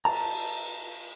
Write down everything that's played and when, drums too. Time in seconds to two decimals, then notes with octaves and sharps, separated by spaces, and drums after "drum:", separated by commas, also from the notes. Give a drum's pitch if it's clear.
0.05 A5 A#5, drum: cymbal